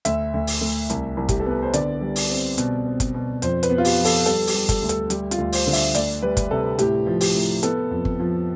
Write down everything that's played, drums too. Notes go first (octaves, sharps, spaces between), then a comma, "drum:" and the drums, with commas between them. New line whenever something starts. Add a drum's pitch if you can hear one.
D2 E5, drum: hi-hat
D2
drum: open hi-hat
A3
C2, drum: hi-hat
C2
G4, drum: kick G1, hi-hat
A4
B3 B4
C5
D3 D5, drum: hi-hat
G3
drum: open hi-hat
C4
B2, drum: hi-hat
C4
drum: kick G1, hi-hat
B2
F2 C5, drum: hi-hat
B4, drum: hi-hat
B3
F4
G4, drum: open hi-hat
F3
A4, drum: open hi-hat
G3 A4, drum: hi-hat
G4, drum: open hi-hat
G3
A4, drum: kick G1, hi-hat
D2
A4, drum: hi-hat
G3 G4, drum: hi-hat
F4, drum: hi-hat
D2
C5, drum: open hi-hat
D3
E5, drum: open hi-hat
D2 D5, drum: hi-hat
G3 B4
drum: kick G1, hi-hat
C3 A4
A2 G4, drum: hi-hat
F3
G4, drum: open hi-hat
A2
B3 A4, drum: hi-hat
F2
drum: kick G1
F3